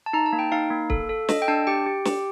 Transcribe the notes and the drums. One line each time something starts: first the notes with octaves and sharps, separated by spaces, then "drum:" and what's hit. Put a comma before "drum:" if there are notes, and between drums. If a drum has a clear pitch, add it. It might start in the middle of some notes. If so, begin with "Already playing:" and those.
A5
D#4 A#5
A5
A#3
G5
D#4 F5
A#3
A4, drum: kick
A4
A4 D#5, drum: snare
G5
D4 A5
G4 G5
G4
G4, drum: snare